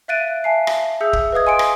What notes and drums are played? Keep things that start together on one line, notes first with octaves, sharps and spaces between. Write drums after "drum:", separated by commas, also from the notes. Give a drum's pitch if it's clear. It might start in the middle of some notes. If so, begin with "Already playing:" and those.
E5 F5 F#6 A6 D7 D#7
E5 F5 G#5 A5 C7
drum: rim click
G#4 E5 E6 G6 C#7
drum: kick
B4 D#5 F5 D#6 G#6
D#5 G#5 C6 C#7 D7
drum: rim click